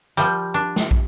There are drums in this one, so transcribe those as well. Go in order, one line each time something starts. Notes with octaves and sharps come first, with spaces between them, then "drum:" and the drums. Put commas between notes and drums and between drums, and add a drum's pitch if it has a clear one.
F3 G3
D4
drum: snare
drum: kick